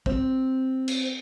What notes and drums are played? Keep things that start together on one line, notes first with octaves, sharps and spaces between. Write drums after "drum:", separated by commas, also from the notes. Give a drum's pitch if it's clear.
C4, drum: kick
drum: cymbal